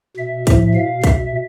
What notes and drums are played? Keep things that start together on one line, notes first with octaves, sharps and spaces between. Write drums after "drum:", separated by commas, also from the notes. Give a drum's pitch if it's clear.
B2 E5
A2 F3, drum: kick, hi-hat
B2 F5
B2 E5, drum: kick, hi-hat